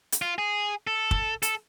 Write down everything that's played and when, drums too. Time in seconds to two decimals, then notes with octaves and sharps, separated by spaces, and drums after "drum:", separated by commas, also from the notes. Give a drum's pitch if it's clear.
0.12 drum: hi-hat
0.22 F4
0.38 G#4
0.87 A4
1.11 drum: kick
1.42 A4, drum: hi-hat